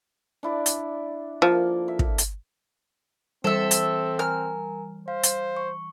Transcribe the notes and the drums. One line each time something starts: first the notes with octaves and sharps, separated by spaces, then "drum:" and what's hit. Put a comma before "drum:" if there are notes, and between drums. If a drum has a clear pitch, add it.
D4 E4 D5
drum: hi-hat
F3 A#3 A4
E5
drum: kick
drum: hi-hat
E3 G3 C4 A4 C5 E5
drum: hi-hat
A#4 G#5 A#5 F6
C5 F5
drum: hi-hat
C#6